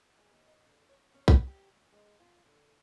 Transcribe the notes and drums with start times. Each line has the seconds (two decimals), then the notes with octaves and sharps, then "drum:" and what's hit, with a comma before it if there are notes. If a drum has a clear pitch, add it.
0.18 G#3
0.31 D#2
0.47 D#5
0.66 D3
0.89 C#5
1.14 C#4
1.28 F#5, drum: kick B1
1.47 G4
1.71 D2
1.92 G#3
2.20 F4
2.45 D3